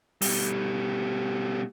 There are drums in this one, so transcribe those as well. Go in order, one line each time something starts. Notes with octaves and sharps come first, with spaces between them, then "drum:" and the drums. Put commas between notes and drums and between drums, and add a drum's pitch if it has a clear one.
B2 G3, drum: open hi-hat